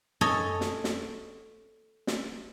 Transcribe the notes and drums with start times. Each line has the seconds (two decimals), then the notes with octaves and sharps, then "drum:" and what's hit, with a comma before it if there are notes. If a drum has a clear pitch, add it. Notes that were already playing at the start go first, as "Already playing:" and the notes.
0.21 A4 C#5 D#5 G#5, drum: tom F#2
0.61 drum: snare
0.84 drum: snare
2.07 drum: snare